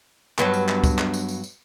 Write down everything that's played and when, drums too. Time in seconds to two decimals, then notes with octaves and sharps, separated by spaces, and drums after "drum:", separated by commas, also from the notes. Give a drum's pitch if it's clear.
0.39 G2 F#3 B3, drum: clap
0.54 drum: tambourine
0.69 drum: clap
0.84 drum: kick, tambourine
0.99 drum: clap
1.14 drum: tambourine
1.29 drum: tambourine
1.44 drum: tambourine